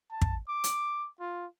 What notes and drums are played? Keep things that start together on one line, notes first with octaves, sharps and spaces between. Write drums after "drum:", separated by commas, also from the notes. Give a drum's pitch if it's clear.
A5
drum: kick
D6
drum: hi-hat
F4